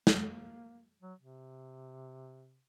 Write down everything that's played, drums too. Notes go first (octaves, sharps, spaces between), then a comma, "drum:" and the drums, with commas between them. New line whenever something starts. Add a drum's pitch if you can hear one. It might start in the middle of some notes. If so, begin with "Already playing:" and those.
A#3, drum: snare
F#3
C3